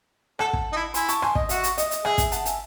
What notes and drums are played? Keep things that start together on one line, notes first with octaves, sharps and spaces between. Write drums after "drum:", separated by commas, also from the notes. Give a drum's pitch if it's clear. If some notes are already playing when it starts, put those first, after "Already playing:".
A4 F#5 A5, drum: rim click
drum: kick
D#4
E4
E4 G#5 C6, drum: hi-hat
A5 C#6, drum: hi-hat
G#5 C6, drum: rim click
D#5, drum: kick
F#4 E5, drum: hi-hat
drum: hi-hat
D#5, drum: hi-hat
drum: hi-hat
G#4 E5, drum: rim click
E5 G#5, drum: kick, hi-hat
F#5 A5, drum: hi-hat
E5 G#5, drum: hi-hat